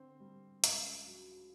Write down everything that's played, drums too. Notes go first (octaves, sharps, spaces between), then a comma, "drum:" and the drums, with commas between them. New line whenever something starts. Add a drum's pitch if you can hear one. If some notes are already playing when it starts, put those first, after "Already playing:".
Already playing: D3 C4 C5
G3
C#2, drum: hi-hat
F#3